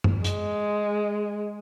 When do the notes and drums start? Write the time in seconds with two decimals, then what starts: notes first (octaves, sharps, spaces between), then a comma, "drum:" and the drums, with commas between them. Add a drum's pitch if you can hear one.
0.04 drum: tom F#2
0.24 G#3, drum: hi-hat